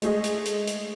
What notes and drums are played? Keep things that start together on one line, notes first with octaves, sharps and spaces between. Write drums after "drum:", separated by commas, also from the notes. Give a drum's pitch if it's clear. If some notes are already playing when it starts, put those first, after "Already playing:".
G#3 A3 G#4 D#5, drum: hi-hat
drum: hi-hat
drum: hi-hat
drum: hi-hat